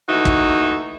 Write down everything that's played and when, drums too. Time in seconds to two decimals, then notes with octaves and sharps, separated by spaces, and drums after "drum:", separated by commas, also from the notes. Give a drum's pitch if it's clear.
0.09 D#2 E3 A3 D#4 F#4 E5
0.25 drum: kick